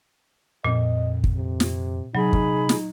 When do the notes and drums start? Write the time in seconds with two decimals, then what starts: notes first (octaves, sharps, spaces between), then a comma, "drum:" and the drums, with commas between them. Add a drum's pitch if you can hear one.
0.64 F2 A#2 C4 D#5
1.24 drum: kick
1.36 C3
1.60 drum: snare
2.15 C3 F#3 D#4 G#4 B5
2.33 drum: kick
2.69 drum: snare